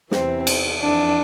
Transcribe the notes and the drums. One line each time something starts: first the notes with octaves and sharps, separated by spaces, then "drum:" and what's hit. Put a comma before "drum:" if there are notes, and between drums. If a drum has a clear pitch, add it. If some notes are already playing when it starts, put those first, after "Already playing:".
E2 C3 E3 C4, drum: snare
drum: cymbal
F2 E3 D4